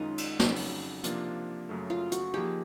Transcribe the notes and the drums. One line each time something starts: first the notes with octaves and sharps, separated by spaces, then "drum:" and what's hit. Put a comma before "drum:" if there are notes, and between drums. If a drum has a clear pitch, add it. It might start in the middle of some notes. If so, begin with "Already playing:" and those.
Already playing: F#2 D#3 G#3 C#4 D#4 F4
drum: cymbal
F2 C#3 F#3, drum: snare
drum: open hi-hat
C3 F3 A#3 D4 F4, drum: hi-hat
F#2 C#3 F#3 A3
F4
F#4, drum: hi-hat
F3 A#3 D#4 G4 G#4